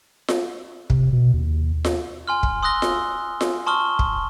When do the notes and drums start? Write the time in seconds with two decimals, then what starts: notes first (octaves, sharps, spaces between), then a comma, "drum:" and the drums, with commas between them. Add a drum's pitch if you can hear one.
0.28 drum: snare F4
0.90 C3, drum: kick
1.13 B2
1.34 D#2
1.85 drum: snare F4
2.27 G#5 C6 F6
2.43 drum: kick
2.63 C6 D#6 E6 F#6 A#6 G7
2.82 drum: snare F4
3.41 drum: snare F4
3.67 A5 C6 C#6 D#6 F6 G7
3.99 drum: kick